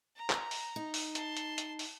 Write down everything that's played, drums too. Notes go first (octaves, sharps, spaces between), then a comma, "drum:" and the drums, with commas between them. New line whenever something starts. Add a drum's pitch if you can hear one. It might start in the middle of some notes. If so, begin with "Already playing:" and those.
A#5
drum: clap
drum: open hi-hat
D#4
drum: open hi-hat
A5 C6, drum: hi-hat
drum: hi-hat
drum: hi-hat
drum: open hi-hat